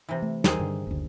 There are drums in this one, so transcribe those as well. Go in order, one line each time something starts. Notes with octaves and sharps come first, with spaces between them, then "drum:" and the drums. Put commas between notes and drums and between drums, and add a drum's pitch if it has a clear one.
C3 E3
A3
D#2 D#3 C4 G#4, drum: snare
G2 D3
F#1 D2